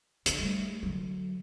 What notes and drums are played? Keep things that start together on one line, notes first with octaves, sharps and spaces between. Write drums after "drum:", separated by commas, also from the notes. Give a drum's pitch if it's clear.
D3 D4, drum: hi-hat
G3 A3
D3 F#3